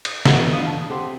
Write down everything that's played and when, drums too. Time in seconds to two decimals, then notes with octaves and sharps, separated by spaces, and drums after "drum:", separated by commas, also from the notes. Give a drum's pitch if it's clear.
0.05 D#6, drum: cymbal
0.25 A1 B3 F4 F#4 D#5, drum: snare
0.52 G2 E3 F5 D#6 D#7
0.66 A5
0.90 C4 G4 F#5 C6